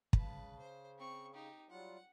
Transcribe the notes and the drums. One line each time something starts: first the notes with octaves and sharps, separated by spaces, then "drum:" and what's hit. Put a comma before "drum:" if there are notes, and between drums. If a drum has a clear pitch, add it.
C#3 B4 A5, drum: kick
C5
C4 C#6
D#4 G4
F#3 G3 F4 F#5